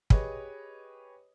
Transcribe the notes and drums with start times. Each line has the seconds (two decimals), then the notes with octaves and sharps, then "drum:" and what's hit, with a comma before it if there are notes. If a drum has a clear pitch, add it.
0.10 G4 G#4 B4 C#5 D#5, drum: kick